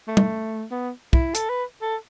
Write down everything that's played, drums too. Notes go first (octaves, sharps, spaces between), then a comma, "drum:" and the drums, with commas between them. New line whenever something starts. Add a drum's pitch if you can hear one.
A3
drum: tom
B3
E4, drum: kick
A4, drum: hi-hat
B4
A4